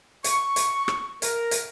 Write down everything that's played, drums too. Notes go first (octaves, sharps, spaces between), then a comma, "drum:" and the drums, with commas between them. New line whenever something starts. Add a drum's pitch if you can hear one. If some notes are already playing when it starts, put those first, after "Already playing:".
C#6, drum: hi-hat
drum: hi-hat
drum: rim click
A#4, drum: hi-hat
drum: hi-hat